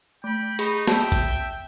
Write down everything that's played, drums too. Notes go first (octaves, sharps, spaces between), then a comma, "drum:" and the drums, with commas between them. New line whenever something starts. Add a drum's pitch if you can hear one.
A3 G5 B5
D#4 G#4 B5, drum: hi-hat
E5 G5 A5, drum: snare
drum: kick, hi-hat